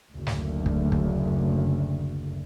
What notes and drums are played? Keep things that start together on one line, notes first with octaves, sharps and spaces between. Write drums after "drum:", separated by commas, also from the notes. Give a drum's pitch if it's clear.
F#1 D2
drum: snare
drum: kick
drum: kick